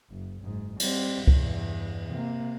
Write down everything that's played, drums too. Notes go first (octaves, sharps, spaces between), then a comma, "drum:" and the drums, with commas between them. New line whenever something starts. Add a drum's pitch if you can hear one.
F#1
F#1 G#2
G3 C4, drum: cymbal
E2 G2, drum: kick C#2
C3 A#3